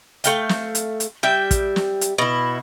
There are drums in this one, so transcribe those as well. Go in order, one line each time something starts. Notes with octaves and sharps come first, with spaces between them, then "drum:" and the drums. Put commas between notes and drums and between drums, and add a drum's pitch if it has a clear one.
A3 F5 G5, drum: hi-hat
drum: snare
drum: hi-hat
drum: hi-hat
G3 E5 G5
drum: kick, hi-hat
drum: snare
drum: hi-hat
B2 E4